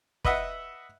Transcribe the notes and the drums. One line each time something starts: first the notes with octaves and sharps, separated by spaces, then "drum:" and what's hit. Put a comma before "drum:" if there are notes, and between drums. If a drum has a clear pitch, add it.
B4 D#5 E5 F#5, drum: kick